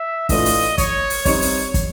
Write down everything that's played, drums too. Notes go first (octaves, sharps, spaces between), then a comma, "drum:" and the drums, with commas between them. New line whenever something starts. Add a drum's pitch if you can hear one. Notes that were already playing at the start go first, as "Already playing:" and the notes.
Already playing: E5
A2 E3 A3 D4 F4 D#5, drum: kick, open hi-hat
drum: open hi-hat
C#5, drum: kick, hi-hat
drum: open hi-hat
G3 C4 D#4 C#5, drum: kick, open hi-hat
drum: open hi-hat
drum: kick, hi-hat